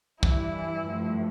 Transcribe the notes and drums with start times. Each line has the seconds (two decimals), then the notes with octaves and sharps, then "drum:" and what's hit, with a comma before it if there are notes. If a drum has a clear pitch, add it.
0.23 G2 E3 G3 E4, drum: kick
0.86 G2 F3 A3